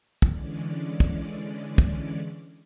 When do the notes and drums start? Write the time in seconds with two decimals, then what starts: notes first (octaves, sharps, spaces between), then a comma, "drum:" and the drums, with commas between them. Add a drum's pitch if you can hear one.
0.22 D3 E3 G#3 C#4 D5, drum: kick
1.00 drum: kick
1.78 drum: kick